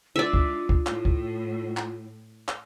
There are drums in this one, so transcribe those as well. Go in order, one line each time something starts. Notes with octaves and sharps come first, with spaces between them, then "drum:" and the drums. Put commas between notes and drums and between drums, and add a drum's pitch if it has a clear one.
G#3 D4 F4 D5 E5
drum: kick
drum: kick
A2, drum: clap
drum: kick
drum: clap
drum: clap